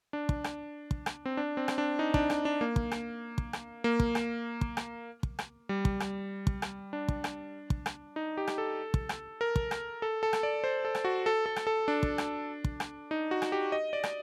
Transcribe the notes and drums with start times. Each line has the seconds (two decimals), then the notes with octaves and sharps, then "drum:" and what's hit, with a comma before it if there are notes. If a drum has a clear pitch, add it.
0.13 D4
0.29 drum: kick
0.44 drum: rim click
0.91 drum: kick
1.06 drum: rim click
1.26 C4
1.37 D4
1.57 C4
1.68 drum: rim click
1.78 D4
1.99 D#4
2.14 D4, drum: kick
2.30 drum: rim click
2.45 D4
2.61 A#3
2.76 drum: kick
2.91 drum: rim click
3.38 drum: kick
3.53 drum: rim click
3.84 A#3
4.00 drum: kick
4.15 drum: rim click
4.61 drum: kick
4.77 drum: rim click
5.23 drum: kick
5.39 drum: rim click
5.69 G3
5.85 drum: kick
6.00 drum: rim click
6.47 drum: kick
6.62 drum: rim click
6.93 D4
7.08 drum: kick
7.24 drum: rim click
7.70 drum: kick
7.86 drum: rim click
8.16 D#4
8.37 G4
8.47 drum: rim click
8.58 A4
8.94 drum: kick
9.09 drum: rim click
9.41 A#4
9.56 drum: kick
9.71 drum: rim click
10.02 A4
10.23 A4
10.33 drum: rim click
10.43 D5
10.64 C5
10.85 A4
10.95 drum: rim click
11.05 F#4
11.26 A4
11.46 A4
11.56 drum: rim click
11.67 A4
11.88 D4
12.03 drum: kick
12.18 drum: rim click
12.64 drum: kick
12.80 drum: rim click
13.11 D#4
13.31 F#4
13.42 drum: rim click
13.52 G4
13.72 D#5
13.93 D5
14.03 drum: rim click